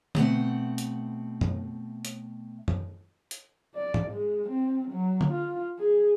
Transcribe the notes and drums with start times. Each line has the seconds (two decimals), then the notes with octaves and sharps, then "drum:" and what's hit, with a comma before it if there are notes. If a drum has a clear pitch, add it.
0.15 B2 A3 C4 F#5, drum: tom D3
0.78 drum: hi-hat
1.41 drum: tom F#2
2.05 drum: hi-hat
2.68 drum: tom F#2
3.31 drum: hi-hat
3.76 D5
3.94 drum: tom
4.12 G#3
4.49 C4
4.91 F#3
5.21 drum: tom D3
5.32 F4
5.79 G#4